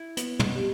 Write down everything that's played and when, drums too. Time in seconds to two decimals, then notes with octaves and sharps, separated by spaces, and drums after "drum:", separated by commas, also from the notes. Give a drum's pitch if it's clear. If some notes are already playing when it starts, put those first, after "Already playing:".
Already playing: E4
0.17 B3, drum: hi-hat
0.39 B2, drum: tom
0.55 G4